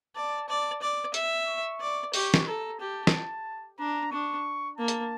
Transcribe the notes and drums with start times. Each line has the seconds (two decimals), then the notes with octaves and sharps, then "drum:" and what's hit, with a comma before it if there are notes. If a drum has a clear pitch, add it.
0.16 D5 A5
0.48 D5 A5
0.82 D5
1.14 E5, drum: hi-hat
1.47 C#6
1.81 D5
2.14 G4 C#6, drum: open hi-hat
2.34 drum: snare
2.47 A4 A#5
2.80 G4 A5
3.07 drum: snare
3.79 D4 A#5
4.12 D4 C#6
4.78 A#3 A5
4.88 drum: hi-hat